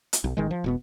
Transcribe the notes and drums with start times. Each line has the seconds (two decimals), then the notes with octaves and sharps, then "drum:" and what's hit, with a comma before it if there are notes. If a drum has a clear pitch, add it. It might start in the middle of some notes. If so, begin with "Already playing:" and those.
0.13 drum: hi-hat
0.24 B1
0.37 A1 D#3 G#3
0.51 F3
0.64 E1 B2 B3